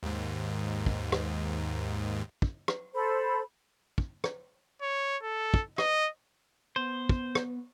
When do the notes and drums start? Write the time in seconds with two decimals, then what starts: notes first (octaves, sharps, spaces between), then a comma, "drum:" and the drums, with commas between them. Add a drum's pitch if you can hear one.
0.03 D#2 G#2
0.86 drum: kick
1.12 drum: rim click
2.42 drum: kick
2.68 drum: rim click
2.94 A4 C5 B5
3.98 drum: kick
4.24 drum: rim click
4.82 C#5
5.22 A4
5.54 drum: kick
5.78 D#5, drum: rim click
6.76 B3 C5
7.09 drum: kick
7.35 drum: rim click